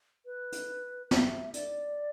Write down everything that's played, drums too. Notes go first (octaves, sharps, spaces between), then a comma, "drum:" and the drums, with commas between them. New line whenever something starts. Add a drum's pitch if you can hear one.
B4
drum: hi-hat
E5, drum: snare
D5, drum: hi-hat